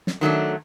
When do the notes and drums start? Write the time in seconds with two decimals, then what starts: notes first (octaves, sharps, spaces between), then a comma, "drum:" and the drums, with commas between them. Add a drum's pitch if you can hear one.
0.07 drum: snare
0.21 D#3 F#3 A3 D4